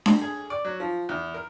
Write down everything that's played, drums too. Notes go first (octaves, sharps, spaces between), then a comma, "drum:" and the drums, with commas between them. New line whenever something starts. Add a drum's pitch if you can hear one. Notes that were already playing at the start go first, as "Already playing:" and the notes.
drum: snare D4
G#4
D5
F#3
F3
E2
A#4